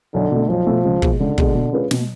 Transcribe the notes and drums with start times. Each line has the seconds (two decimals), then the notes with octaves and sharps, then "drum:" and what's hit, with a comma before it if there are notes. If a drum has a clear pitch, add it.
0.14 B1 D3
0.32 B2 A3
0.49 B1 F3
0.67 B2 A3
0.85 C#2
1.02 B2 G#3, drum: kick
1.20 C#2 D3
1.38 B2 G#3, drum: kick
1.55 B2
1.73 G#3 C#4 F4 B4
1.91 B2, drum: snare